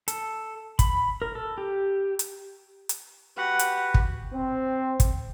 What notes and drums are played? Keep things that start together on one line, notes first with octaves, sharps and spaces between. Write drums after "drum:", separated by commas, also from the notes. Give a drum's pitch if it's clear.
A4, drum: hi-hat
B5, drum: kick, hi-hat
A#4
A4
G4
drum: hi-hat
drum: hi-hat
F#4 G4 B4 F#5
drum: hi-hat
drum: kick
C4
drum: kick, hi-hat